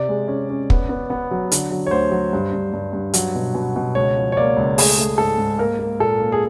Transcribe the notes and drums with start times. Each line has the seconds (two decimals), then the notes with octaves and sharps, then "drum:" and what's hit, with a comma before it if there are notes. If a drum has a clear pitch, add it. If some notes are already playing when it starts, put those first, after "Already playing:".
Already playing: C3 D5
0.09 G#3
0.28 C#4
0.50 C#4
0.70 B3, drum: kick
0.89 B3
1.10 B3
1.31 F#3
1.52 D3, drum: hi-hat
1.71 F#3
1.87 C#5
1.91 D2 C5
2.12 F#3
2.33 G2
2.53 G2
2.73 G2
2.93 G2
3.14 F#3, drum: hi-hat
3.35 B2
3.54 B2
3.76 B2
3.95 C#2 C#5
4.17 F3
4.32 C#5
4.37 A#3 D5
4.56 C#2
4.78 A3 G#4, drum: open hi-hat
4.98 A3
5.18 G#2 A4
5.38 G#2
5.58 A#3 A#4
5.79 A#3
5.99 A#2 A4
6.20 A#3
6.32 G#4